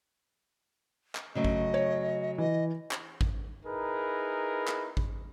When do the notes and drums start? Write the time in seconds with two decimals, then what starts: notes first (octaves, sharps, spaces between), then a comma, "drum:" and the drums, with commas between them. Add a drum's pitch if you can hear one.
1.15 drum: clap
1.35 C#3 F#3 A3 D#5
1.45 drum: kick G#1
1.74 C#5
2.38 E3 D#5
2.91 drum: clap
3.21 drum: kick G#1
3.65 D#4 E4 G#4 A#4 B4
4.68 drum: clap
4.97 drum: kick G#1